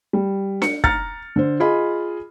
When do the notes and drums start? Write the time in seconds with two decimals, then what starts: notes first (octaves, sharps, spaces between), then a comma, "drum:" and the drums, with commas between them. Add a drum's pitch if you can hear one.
0.13 G3
0.62 C#7, drum: snare D4
0.84 A#5 F6 A6 C#7, drum: kick
1.36 D3 C5
1.60 F4 G#4 D#5 B5